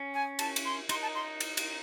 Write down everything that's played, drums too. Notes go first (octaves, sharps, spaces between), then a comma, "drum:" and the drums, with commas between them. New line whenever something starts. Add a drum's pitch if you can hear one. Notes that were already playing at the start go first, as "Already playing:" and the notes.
Already playing: C#4
G#5
A5, drum: cymbal
drum: cymbal
C6
D#4 C6, drum: cymbal
A5
C6
drum: cymbal
drum: cymbal